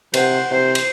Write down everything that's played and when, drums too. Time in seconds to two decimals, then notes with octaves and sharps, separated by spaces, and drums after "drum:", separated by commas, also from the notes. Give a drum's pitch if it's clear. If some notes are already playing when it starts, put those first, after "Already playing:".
0.14 C3 C5 F#5, drum: cymbal
0.51 C3 C5
0.75 drum: cymbal